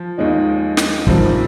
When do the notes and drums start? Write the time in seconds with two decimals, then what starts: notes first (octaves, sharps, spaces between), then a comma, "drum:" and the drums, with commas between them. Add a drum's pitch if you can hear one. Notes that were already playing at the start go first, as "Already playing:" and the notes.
Already playing: F3
0.18 D#2 D#3 G#3 D#4
0.77 drum: snare
1.07 C3 D#3 F3 G3 C4, drum: kick